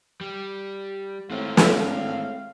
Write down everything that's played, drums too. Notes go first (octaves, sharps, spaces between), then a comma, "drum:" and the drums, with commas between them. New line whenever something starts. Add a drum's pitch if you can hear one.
G3
A2 G#3 C4 F5
drum: snare